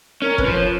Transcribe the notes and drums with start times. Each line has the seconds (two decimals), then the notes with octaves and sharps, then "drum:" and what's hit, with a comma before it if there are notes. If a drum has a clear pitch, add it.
0.22 C#4 A#4
0.38 B4, drum: kick
0.46 F3
0.53 C#5